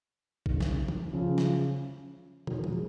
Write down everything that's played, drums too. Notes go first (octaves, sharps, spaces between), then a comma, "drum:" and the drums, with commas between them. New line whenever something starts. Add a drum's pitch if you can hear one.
D#3, drum: kick
C#3
D#3, drum: snare
drum: tom
C#3 F3
drum: snare
D#3 F#3, drum: tom
F3 G#3, drum: tom